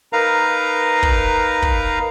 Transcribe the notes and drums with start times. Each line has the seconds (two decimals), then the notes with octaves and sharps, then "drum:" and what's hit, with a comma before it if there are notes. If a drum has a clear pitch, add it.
0.13 D#4 A#4 B4 F5 A#5
1.03 drum: kick
1.62 drum: kick